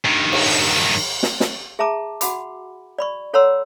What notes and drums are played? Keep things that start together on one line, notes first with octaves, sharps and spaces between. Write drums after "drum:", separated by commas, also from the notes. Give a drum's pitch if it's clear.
G2 D#3
drum: cymbal
drum: snare
drum: snare
G#4 E5 A5 A#5 D6
F#4 F#5 B5 D6, drum: hi-hat
D5 B5 C#6
A4 C#5 F#5 A#5 C6 E6